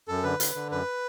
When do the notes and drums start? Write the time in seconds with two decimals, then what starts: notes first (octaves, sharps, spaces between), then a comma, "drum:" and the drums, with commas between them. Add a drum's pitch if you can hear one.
0.08 F#2 A4
0.24 D3 B4
0.40 D3, drum: hi-hat
0.55 D3
0.71 F#2 B4